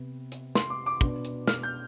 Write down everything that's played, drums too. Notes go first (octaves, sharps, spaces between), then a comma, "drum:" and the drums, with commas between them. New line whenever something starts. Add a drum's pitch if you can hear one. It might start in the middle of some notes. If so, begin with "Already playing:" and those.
Already playing: C3 B3
drum: hi-hat
C6, drum: snare
D6
D6
B2 B3 D4, drum: kick
drum: hi-hat
F6, drum: snare
G6